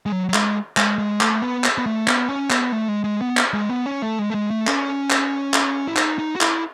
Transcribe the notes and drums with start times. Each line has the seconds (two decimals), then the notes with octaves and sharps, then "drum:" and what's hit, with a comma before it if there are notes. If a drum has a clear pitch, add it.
0.06 G#3
0.12 F#3
0.29 F#3
0.34 G#3, drum: clap
0.77 G#3, drum: clap
0.98 G#3
1.21 A3, drum: clap
1.42 B3
1.64 drum: clap
1.78 B3
1.86 A3
2.08 B3, drum: clap
2.29 C#4
2.50 B3, drum: clap
2.72 A3
2.88 G#3
3.04 G#3
3.21 B3
3.37 drum: clap
3.53 G#3
3.69 B3
3.86 C#4
4.02 A3
4.19 G#3
4.30 A3
4.35 G#3
4.51 A3
4.67 C#4, drum: clap
5.10 drum: clap
5.54 drum: clap
5.88 E4
5.96 D#4, drum: clap
6.19 D#4
6.36 F#4
6.41 E4, drum: clap